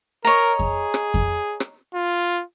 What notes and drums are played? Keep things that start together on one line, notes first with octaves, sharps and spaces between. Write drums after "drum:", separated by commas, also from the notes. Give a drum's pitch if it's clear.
A#4 C#5 D#5 A#5
G#4, drum: kick F2
drum: rim click
drum: kick F2
drum: rim click
F4